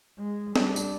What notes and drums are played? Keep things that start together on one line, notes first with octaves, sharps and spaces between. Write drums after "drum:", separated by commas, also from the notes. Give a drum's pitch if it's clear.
G#3
G3 D4, drum: snare
drum: tambourine